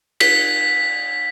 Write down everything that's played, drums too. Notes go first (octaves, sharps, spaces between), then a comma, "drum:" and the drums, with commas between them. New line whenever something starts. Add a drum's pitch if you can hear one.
B6, drum: cymbal